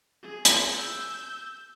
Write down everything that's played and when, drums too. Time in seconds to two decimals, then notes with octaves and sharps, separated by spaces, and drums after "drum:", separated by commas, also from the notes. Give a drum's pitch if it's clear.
0.23 G#4
0.45 drum: hi-hat
0.77 E6 G6